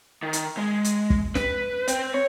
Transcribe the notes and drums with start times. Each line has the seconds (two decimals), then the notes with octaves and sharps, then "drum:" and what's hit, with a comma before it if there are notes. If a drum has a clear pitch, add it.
0.23 D#3
0.33 drum: hi-hat
0.58 G#3
0.84 drum: hi-hat
1.10 drum: kick
1.35 B4, drum: snare
1.88 C4, drum: hi-hat
2.14 C#5